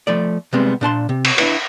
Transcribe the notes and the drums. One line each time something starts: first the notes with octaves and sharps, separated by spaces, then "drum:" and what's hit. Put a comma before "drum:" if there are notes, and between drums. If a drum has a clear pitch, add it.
F3 A3 D5
C3 G3 G#3 B3 C4
A#2 D4 A5 C6
C3
drum: cymbal
D4 E4 B4, drum: cymbal